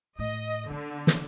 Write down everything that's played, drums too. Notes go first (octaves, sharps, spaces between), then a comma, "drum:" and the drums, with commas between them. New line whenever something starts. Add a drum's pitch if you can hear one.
A2 D#5
D3 B3
drum: snare